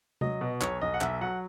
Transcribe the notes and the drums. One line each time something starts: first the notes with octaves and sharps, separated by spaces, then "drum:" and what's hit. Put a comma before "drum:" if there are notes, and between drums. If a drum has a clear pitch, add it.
F#3 D#5, drum: tom C3
B2
B1 C#5, drum: clap
B1 D#5
F#5
B1 E5, drum: clap
F#3 F#5